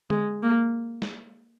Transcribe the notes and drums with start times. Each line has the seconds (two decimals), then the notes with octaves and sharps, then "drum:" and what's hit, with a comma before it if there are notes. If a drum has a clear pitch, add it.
0.10 G#3, drum: tom D3
0.43 A#3
1.02 drum: snare